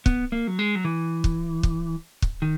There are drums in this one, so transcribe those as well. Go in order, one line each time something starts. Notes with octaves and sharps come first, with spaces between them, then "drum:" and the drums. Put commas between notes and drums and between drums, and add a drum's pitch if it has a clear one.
B3, drum: kick
A#3
F#3
G#3
F#3
E3
drum: kick
drum: kick
drum: kick
D#3